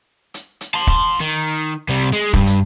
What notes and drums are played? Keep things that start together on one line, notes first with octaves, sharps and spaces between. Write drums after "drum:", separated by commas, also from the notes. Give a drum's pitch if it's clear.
drum: hi-hat
drum: hi-hat
A5 C6
drum: kick
D#3
C3 G3
G#3
G2, drum: kick
drum: hi-hat